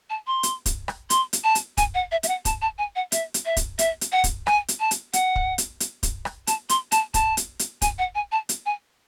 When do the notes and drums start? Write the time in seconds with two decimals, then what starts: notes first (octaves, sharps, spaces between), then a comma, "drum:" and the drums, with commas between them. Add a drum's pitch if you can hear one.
0.10 A5
0.27 C6
0.43 drum: hi-hat
0.66 drum: kick, hi-hat
0.88 drum: rim click
1.10 C6, drum: hi-hat
1.33 drum: hi-hat
1.44 A5
1.55 drum: hi-hat
1.77 G#5, drum: kick, hi-hat
1.95 F#5
2.12 E5
2.23 E5, drum: hi-hat
2.28 F#5
2.45 A5, drum: kick, hi-hat
2.62 A5
2.78 G#5
2.96 F#5
3.12 E5, drum: hi-hat
3.34 drum: hi-hat
3.45 E5
3.57 drum: kick, hi-hat
3.79 E5, drum: hi-hat
4.01 drum: hi-hat
4.12 F#5
4.24 drum: kick, hi-hat
4.47 G#5, drum: rim click
4.68 drum: hi-hat
4.80 A5
4.91 drum: hi-hat
5.13 F#5, drum: hi-hat
5.36 drum: kick
5.58 drum: hi-hat
5.80 drum: hi-hat
6.03 drum: kick, hi-hat
6.25 drum: rim click
6.47 A5, drum: hi-hat
6.69 C6, drum: hi-hat
6.92 A5, drum: hi-hat
7.14 A5, drum: kick, hi-hat
7.37 drum: hi-hat
7.59 drum: hi-hat
7.82 G#5, drum: kick, hi-hat
7.98 F#5
8.15 G#5
8.32 A5
8.49 drum: hi-hat
8.66 G#5